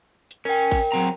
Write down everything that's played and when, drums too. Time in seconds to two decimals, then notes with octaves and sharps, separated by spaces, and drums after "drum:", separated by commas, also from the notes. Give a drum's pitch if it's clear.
0.31 drum: hi-hat
0.45 C#4 A#4 G5
0.71 drum: kick A1, open hi-hat
0.92 F#3 C4 A#5